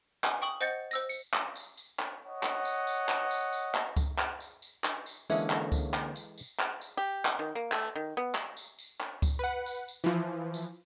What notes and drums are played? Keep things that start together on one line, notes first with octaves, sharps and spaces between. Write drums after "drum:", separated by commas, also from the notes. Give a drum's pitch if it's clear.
G#5, drum: clap
G5 C#6 D#6 F#7
C5 D#5 F#5 G6 A6 C#7
C5 E6 A#6, drum: tambourine
C#7, drum: tambourine
drum: clap
drum: tambourine
drum: tambourine
drum: clap
C#5 D#5 F#5
drum: clap
drum: tambourine
drum: tambourine
drum: clap
drum: tambourine
drum: tambourine
drum: clap
drum: kick C#2, tambourine
drum: clap
drum: tambourine
drum: tambourine
drum: clap
drum: tambourine
D3 E3 G#3 A#3 C#4 G#4 A4 E5, drum: tambourine
drum: clap
drum: kick C#2, tambourine
drum: clap
drum: tambourine
drum: tambourine
drum: clap
drum: tambourine
G4
drum: clap
D#3
A#3
A3, drum: clap
D#3
B3
drum: clap
drum: tambourine
drum: tambourine
drum: clap
drum: kick C#2, tambourine
B4 F#5
drum: tambourine
drum: tambourine
E3 F3
drum: tambourine